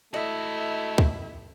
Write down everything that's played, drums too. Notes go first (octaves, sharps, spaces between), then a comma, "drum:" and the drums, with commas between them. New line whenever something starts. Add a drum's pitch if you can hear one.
A3 E4 F#4 D#5 E5
drum: kick